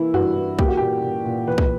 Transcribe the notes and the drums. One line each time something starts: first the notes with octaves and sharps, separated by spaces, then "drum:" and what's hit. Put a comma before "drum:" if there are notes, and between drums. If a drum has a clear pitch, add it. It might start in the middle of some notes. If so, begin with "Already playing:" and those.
Already playing: E3 A#3 E4
G2 F#4, drum: tom F#2
E3
A#3 G4, drum: kick
F#4
A#2 G4
A#2
A#2
E2 B4
drum: kick